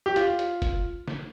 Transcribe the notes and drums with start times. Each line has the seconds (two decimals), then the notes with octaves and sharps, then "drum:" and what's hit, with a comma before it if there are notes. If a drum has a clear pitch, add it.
0.06 G4
0.16 F4, drum: hi-hat
0.39 drum: hi-hat
0.62 drum: kick F#1, hi-hat
1.08 drum: snare